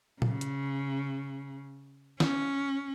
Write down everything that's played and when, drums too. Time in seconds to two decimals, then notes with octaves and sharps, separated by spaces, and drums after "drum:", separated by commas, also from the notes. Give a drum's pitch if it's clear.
0.22 C#3, drum: tom A#2
0.41 drum: hi-hat
2.20 C#4, drum: snare